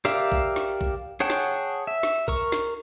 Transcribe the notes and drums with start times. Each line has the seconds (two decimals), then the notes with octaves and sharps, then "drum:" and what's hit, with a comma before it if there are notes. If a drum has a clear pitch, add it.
0.05 G4 A#4 D5 E5 F5, drum: snare
0.32 drum: kick B1
0.56 drum: snare
0.81 drum: kick B1
1.20 G#4 C#5 F#5 G5 A5
1.30 drum: snare
1.87 E5
2.03 drum: snare
2.28 A#4 C#6, drum: kick B1
2.52 drum: snare